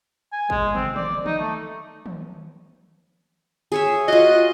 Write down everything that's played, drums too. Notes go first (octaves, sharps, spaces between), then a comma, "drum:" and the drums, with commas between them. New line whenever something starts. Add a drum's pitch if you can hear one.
G#5
G#3, drum: kick G#1
C4, drum: tom
D5, drum: tom D3
D#4, drum: tom D3
A3
drum: tom D#3
G#4 C#5 E5
F4 F#4 D#5